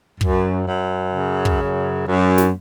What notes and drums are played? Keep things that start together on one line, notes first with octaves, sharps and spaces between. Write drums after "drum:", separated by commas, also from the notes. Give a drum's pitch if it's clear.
F#2, drum: kick
F#2
C#3
drum: kick
F#2
F#2
drum: snare